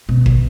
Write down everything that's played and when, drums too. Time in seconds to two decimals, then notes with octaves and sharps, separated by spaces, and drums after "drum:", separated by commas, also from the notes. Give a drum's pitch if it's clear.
0.09 B2
0.26 drum: kick